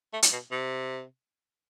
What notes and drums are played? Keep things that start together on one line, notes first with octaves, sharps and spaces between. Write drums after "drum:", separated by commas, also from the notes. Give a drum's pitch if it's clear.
A3
drum: hi-hat
B2
C3